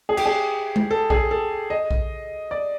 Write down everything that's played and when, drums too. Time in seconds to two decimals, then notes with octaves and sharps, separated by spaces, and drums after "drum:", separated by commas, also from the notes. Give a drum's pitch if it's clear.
0.09 G#4
0.17 G4, drum: cymbal
0.26 G#4
0.76 drum: tom G#3
0.91 A4
1.10 G#4, drum: kick A#1
1.31 A4
1.70 D#5
1.91 drum: kick A#1
2.51 D5